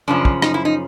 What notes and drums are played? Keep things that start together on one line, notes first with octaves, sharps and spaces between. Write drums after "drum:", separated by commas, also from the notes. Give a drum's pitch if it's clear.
F#2 C#3 F3 D4
drum: kick
D#4, drum: rim click
E4
D#4